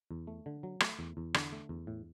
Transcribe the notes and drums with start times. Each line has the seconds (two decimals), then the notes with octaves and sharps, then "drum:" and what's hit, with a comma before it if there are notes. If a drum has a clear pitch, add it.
0.11 E2
0.27 A3
0.46 D3
0.63 F#3
0.80 A3, drum: rim click
0.99 E2
1.17 E2
1.34 D3, drum: rim click
1.52 A3
1.69 E2
1.87 A2